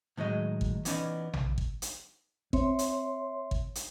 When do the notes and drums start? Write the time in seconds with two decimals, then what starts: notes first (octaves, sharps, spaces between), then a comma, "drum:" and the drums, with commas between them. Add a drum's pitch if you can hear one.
0.17 A2 D#3 F#3 G#3 D#5
0.61 drum: kick
0.85 E3 B3 C#4 D#4 D5, drum: hi-hat
1.33 drum: tom A#1
1.58 drum: kick
1.82 drum: hi-hat
2.53 C4 C#5 E5 C6, drum: kick
2.79 drum: hi-hat
3.51 drum: kick
3.75 drum: hi-hat